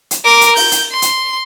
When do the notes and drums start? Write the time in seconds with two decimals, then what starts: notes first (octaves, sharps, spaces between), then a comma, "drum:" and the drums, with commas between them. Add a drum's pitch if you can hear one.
0.11 drum: hi-hat
0.24 A#4 D6
0.41 drum: hi-hat
0.56 G6, drum: open hi-hat
0.72 drum: hi-hat
0.92 C6
1.02 drum: hi-hat